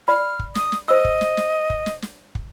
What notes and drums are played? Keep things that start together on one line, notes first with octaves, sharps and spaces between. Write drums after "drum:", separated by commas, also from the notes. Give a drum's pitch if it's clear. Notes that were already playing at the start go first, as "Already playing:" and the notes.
D5 B5 F6
drum: kick
D#6, drum: snare
drum: snare
C5 D#5 E6
drum: kick
drum: snare
drum: snare
drum: kick
drum: snare
drum: snare
drum: kick